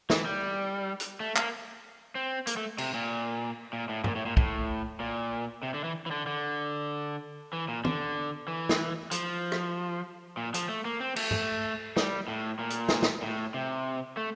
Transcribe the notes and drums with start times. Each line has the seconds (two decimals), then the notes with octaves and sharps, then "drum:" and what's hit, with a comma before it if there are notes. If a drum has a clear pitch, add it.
0.10 E3, drum: snare
0.25 G3
1.00 drum: hi-hat
1.20 A3
1.36 A#3, drum: clap
2.15 C4
2.47 A#3, drum: hi-hat
2.57 A3
2.78 C3, drum: cymbal
2.94 A#2
3.73 A#2
3.89 A2
4.04 A#2, drum: tom G2
4.15 A2
4.26 A#2
4.37 A2, drum: kick
5.00 A#2
5.63 C3
5.74 D3
5.84 E3
6.06 E3
6.11 D3
6.27 D3
7.53 E3
7.68 A#2
7.85 D3, drum: tom
8.48 E3
8.69 drum: snare
9.11 F3, drum: hi-hat
9.52 drum: rim click
10.37 A#2
10.54 F3, drum: hi-hat
10.69 A3
10.85 A#3
11.00 C4
11.16 A3, drum: cymbal
11.31 drum: tom G2
11.97 G3, drum: snare
12.28 A2
12.59 A#2
12.70 drum: hi-hat
12.89 drum: snare
13.03 drum: snare
13.22 A2
13.54 C3
14.17 A3